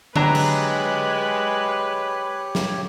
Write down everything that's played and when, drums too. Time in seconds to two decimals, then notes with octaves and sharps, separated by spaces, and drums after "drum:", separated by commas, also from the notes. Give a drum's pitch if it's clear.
0.16 F#3 G#3 D4 G4 B4 C#5 A#5, drum: tom D3
0.35 drum: cymbal
2.55 drum: snare